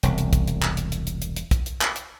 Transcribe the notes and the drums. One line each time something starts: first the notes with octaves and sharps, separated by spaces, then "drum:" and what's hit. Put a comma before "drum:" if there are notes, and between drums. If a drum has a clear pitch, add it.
E1 C2, drum: hi-hat
drum: hi-hat
drum: kick, hi-hat
drum: hi-hat
drum: clap
drum: hi-hat
drum: hi-hat
drum: hi-hat
drum: hi-hat
drum: hi-hat
drum: kick, hi-hat
drum: hi-hat
drum: clap
drum: hi-hat